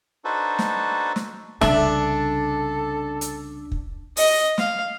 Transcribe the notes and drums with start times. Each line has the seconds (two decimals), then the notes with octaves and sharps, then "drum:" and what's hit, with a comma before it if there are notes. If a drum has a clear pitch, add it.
0.25 D4 D#4 F#4 A4 B4 C5
0.59 drum: snare
1.16 drum: snare
1.61 C2 C#3 D4 A4 E5, drum: snare
3.21 drum: hi-hat
3.72 drum: kick
4.17 D#5, drum: open hi-hat
4.58 F5, drum: snare